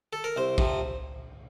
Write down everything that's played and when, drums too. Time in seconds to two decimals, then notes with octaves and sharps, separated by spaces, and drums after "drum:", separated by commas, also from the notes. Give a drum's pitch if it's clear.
0.13 A4
0.24 A#4
0.36 C2 C5
0.58 C3 F3, drum: kick A1